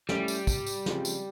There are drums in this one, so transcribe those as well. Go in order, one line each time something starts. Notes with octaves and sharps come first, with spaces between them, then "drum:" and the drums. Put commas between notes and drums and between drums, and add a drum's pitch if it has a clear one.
G3 A3 C#4 E4, drum: snare
drum: tambourine
drum: kick, tambourine
drum: tambourine
C#3 F3 G#3 C4 F4, drum: snare
drum: tambourine